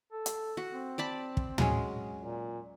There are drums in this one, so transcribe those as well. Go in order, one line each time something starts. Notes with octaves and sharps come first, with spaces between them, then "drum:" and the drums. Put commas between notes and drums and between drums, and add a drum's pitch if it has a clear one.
A4
drum: hi-hat
F#4
C4
D5 A5 B5
drum: kick
F#3 G#3 C#4, drum: tom
A#2